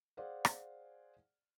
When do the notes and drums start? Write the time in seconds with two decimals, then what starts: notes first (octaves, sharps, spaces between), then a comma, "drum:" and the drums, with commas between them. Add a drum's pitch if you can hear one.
0.17 G#4 C5 D5 F5 F#5
0.45 drum: rim click